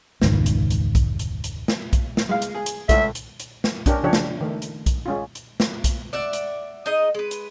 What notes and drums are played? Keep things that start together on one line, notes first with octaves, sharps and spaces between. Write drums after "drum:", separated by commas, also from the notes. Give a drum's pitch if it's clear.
E1 C#2 G#2 D#3, drum: snare
drum: hi-hat
drum: hi-hat
drum: kick B1, hi-hat
drum: hi-hat
drum: hi-hat
drum: snare
drum: kick B1, hi-hat
drum: snare
G#3 F5
drum: hi-hat
G#4
drum: hi-hat
C#2 A3 E5, drum: kick B1, hi-hat
drum: hi-hat
drum: hi-hat
drum: snare
C#4 D4 G4 A#4, drum: kick B1, hi-hat
C#3 F3 D4 G4 C#5
drum: snare
D#3 A3
drum: hi-hat
drum: kick B1, hi-hat
G#3 C#4 F4
drum: hi-hat
drum: snare
drum: kick B1, hi-hat
D5 E5 F#5
drum: hi-hat
D#4 G#4 D#5
G#3 B4
drum: hi-hat